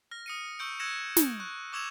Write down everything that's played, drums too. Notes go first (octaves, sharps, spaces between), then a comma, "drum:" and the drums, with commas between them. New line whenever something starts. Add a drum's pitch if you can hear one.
F6 A#6
D#6 C#7 D#7
C#6 E6 G6 C#7 D7
E6 F#6 G#6 A#6 C#7 E7
drum: snare
C#6 F#6
C#6 D6 E6 G#6 E7 F7